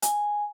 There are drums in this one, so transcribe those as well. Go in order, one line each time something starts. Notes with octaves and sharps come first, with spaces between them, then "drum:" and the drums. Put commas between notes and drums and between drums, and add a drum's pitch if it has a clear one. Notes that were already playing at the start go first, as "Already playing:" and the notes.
G#5, drum: hi-hat